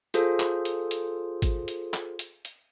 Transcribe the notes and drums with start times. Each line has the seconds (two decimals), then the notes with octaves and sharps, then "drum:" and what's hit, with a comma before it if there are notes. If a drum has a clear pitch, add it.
0.14 F4 G#4 A4 C5, drum: hi-hat
0.40 drum: clap
0.65 drum: hi-hat
0.91 drum: hi-hat
1.42 drum: kick G#1, hi-hat
1.68 drum: hi-hat
1.94 drum: clap
2.19 drum: hi-hat
2.45 drum: hi-hat